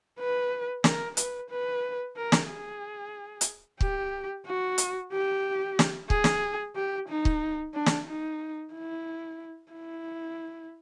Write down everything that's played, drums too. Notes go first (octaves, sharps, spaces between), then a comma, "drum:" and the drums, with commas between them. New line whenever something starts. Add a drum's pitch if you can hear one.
B4
A#4, drum: snare
B4, drum: hi-hat
B4
A#4
drum: snare
G#4
drum: hi-hat
G4, drum: kick
F#4
drum: hi-hat
G4
drum: snare
G#4, drum: kick
drum: snare
G4
D#4
drum: kick
D4
drum: snare
D#4
E4
E4